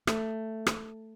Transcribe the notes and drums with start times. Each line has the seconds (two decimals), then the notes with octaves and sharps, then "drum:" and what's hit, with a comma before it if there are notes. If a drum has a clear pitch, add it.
0.07 A3, drum: rim click
0.67 drum: rim click